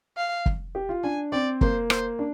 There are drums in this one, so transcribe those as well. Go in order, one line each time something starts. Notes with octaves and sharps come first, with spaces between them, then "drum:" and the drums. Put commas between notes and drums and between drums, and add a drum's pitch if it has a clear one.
F5
drum: kick
G4
F4
D4 G#5
C4 D5
A#3 C5, drum: kick
C5, drum: rim click
D4